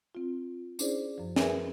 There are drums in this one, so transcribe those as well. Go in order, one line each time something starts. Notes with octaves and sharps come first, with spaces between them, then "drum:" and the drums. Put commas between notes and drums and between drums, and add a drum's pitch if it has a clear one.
C4 F4
C#4 D4 E4 G#4 C5 D5, drum: tambourine
F#2 F3
G#4 A#4 B4 E5 G#5, drum: snare